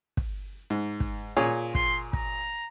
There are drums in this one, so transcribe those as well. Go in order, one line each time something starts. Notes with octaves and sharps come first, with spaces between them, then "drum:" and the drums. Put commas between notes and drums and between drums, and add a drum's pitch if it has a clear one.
drum: kick
G#2
drum: kick
A#2 G#4 C#5
C6, drum: kick
A#5, drum: kick